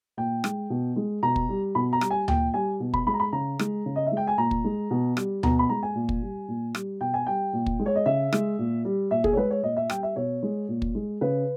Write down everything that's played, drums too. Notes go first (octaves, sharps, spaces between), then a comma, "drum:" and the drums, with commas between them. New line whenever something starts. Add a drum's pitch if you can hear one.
A#2 G5
G#3, drum: rim click
B2
G#3
B2 A#5
drum: kick
G3
B2 B5
A#5
G3, drum: rim click
G#5
A#2 G5, drum: tom D2
G3 G#5
B2
B5, drum: kick
G#3 B5
A#5
B5
C#3 A#5
G#3, drum: rim click
C#3
D#5
G#3 E5
G5
G#5
A#2 A#5
drum: kick
G#3
B2
G3, drum: rim click
B2 A#5, drum: tom D2
B5
G#3 A#5
G#5
A#2
drum: kick
G3
A#2
G3, drum: rim click
B2 G5
G#5
G3 G5
A#2
drum: kick
G#3
C#5
D#5
C#3 E5
G#3, drum: rim click
A#2
G3
A#2 E5
G#4, drum: kick
C#5
G#3 B4
C#5
A#2 D#5
E5
G3 G5, drum: rim click
E5
B2 C#5
G#3
A#2
drum: kick
G#3
C#3 B4